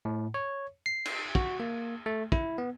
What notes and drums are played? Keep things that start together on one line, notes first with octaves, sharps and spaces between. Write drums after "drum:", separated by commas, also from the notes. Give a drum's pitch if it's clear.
A2
C#5
C7
drum: cymbal
F#4, drum: kick
A#3
A3
E4, drum: kick
B3